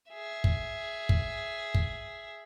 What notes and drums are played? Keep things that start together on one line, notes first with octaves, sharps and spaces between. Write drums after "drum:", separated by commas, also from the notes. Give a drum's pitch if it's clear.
G#4 E5
drum: kick
drum: kick
drum: kick